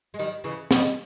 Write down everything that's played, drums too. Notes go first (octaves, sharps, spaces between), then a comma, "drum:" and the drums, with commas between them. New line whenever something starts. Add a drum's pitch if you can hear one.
G#3
D#3 G3
C#3 E3
B2, drum: snare